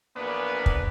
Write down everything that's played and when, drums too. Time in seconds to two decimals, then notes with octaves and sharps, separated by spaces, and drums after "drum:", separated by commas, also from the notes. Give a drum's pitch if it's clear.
0.17 A#1 E2 A#3 B3 D4 B4
0.66 drum: kick